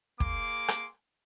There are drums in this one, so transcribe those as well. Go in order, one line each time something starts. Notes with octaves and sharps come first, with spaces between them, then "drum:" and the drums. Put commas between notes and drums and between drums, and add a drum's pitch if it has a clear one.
A#3 G#4 C6 D6, drum: kick
drum: rim click